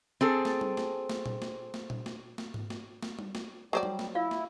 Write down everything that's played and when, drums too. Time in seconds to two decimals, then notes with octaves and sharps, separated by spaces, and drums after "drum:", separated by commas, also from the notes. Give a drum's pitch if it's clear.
0.21 C4 G#4 A4
0.45 drum: snare
0.61 drum: tom G3
0.77 drum: snare
1.10 drum: snare
1.26 drum: tom
1.42 drum: snare
1.74 drum: snare
1.90 drum: tom
2.06 drum: snare
2.38 drum: snare
2.54 drum: tom G#2
2.70 drum: snare
3.03 drum: snare
3.19 drum: tom G3
3.35 drum: snare
3.73 F#3 G3 C5 D5
3.83 drum: tom G3
3.99 drum: snare
4.15 E4 F4 F5
4.31 drum: snare